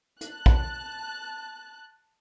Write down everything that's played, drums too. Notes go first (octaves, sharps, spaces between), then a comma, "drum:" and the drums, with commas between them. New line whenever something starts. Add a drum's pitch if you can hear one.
A5 F#6, drum: hi-hat
drum: kick A#1